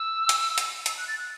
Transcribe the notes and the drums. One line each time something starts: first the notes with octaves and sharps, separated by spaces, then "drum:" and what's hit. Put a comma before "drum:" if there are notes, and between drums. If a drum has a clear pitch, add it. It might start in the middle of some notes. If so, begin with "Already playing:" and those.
Already playing: E6
drum: hi-hat
drum: hi-hat
E6, drum: hi-hat
F#6
A6
F#6